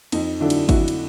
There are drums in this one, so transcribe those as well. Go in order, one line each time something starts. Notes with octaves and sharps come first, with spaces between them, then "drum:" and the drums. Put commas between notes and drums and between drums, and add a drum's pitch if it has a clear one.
F2 D#4, drum: cymbal
D3 F#3 D4 E4
drum: cymbal
F2 E4 F#4, drum: kick, cymbal
drum: cymbal